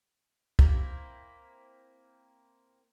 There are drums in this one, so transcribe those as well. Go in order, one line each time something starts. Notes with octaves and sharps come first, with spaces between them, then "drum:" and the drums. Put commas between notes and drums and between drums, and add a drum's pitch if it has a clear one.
A#3 C4 E4, drum: kick